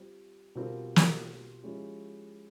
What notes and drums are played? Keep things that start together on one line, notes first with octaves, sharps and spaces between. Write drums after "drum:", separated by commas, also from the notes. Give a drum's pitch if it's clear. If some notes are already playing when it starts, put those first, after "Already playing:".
Already playing: G3 C4 F4
B2 G3 C4 F4 A#4
drum: snare
F3 G#3 C#4 E4 G4